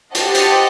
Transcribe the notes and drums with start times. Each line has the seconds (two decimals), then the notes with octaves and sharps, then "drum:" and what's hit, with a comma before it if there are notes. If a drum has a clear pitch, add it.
0.15 G4 C5 D#5 F#5 A5, drum: hi-hat
0.34 drum: hi-hat